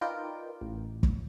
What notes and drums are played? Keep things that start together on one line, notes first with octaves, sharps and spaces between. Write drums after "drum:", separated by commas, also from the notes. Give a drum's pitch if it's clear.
D#4 F4 A#4 B4 D5 G5
A1
drum: kick